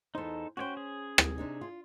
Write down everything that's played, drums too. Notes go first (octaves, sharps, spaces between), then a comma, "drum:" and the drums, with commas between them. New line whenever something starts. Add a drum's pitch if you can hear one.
E2 D#4 A4 C5
C#4 F#4 C5 C#5 G5
G#4
drum: rim click
C3 D4 D#4
F4